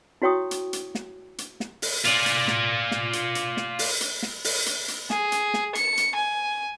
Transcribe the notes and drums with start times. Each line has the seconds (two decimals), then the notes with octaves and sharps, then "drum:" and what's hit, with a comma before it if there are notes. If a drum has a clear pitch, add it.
0.22 E4 F#4 C#5 G5 C#6 D#6
0.51 drum: hi-hat
0.73 drum: hi-hat
0.95 drum: snare
1.38 drum: hi-hat
1.60 drum: snare
1.82 drum: open hi-hat
2.05 F4 D5, drum: hi-hat
2.26 drum: hi-hat
2.48 drum: snare
2.91 drum: snare
3.13 drum: hi-hat
3.35 drum: hi-hat
3.57 drum: snare
3.79 drum: open hi-hat
4.01 drum: hi-hat
4.23 drum: snare
4.44 drum: open hi-hat
4.66 drum: hi-hat
4.88 drum: hi-hat
5.10 G#4, drum: snare
5.32 drum: hi-hat
5.54 drum: snare
5.75 C#7, drum: hi-hat
5.97 drum: hi-hat
6.15 G#5